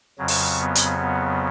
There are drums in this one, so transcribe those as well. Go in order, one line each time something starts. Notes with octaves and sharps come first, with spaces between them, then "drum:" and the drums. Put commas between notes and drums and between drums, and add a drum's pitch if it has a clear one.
F2 C#3 F#3
drum: open hi-hat
B3
drum: hi-hat
B3